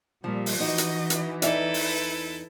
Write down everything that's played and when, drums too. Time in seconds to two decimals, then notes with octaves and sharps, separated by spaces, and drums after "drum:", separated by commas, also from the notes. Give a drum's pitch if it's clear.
0.24 A#2 F3 G3
0.46 drum: open hi-hat
0.60 E3 D#4 F#4 D#5
0.78 drum: hi-hat
1.10 drum: hi-hat
1.42 E2 D#4 E4 A4 B4 D5 E5, drum: hi-hat
1.74 drum: open hi-hat